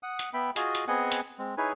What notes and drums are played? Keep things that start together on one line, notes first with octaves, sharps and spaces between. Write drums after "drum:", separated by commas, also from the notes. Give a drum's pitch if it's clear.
F#5 D#6
drum: hi-hat
B3 E5 G5 B5
F4 F#4 G#4 D#5 G#5, drum: hi-hat
drum: hi-hat
B3 C4 G#4 D#5 F#5 G#5
drum: hi-hat
G#3 C4
D#4 E4 G#4 B4 C#5 G#5